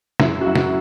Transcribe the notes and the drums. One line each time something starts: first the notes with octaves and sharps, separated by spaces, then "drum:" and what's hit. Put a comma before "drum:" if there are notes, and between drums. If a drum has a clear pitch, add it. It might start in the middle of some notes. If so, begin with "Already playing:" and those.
F#2 E4, drum: snare
F#4
F#2 E4
drum: snare